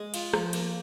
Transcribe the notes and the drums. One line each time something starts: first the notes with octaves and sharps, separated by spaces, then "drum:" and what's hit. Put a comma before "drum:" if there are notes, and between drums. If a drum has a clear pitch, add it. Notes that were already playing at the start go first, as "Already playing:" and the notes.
Already playing: G#3
F4, drum: cymbal
F3, drum: rim click
A#3, drum: cymbal